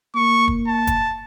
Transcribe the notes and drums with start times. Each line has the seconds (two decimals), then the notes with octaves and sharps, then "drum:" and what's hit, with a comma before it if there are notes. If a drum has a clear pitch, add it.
0.15 A#3 C#6
0.48 drum: kick
0.67 A5
0.87 drum: kick, hi-hat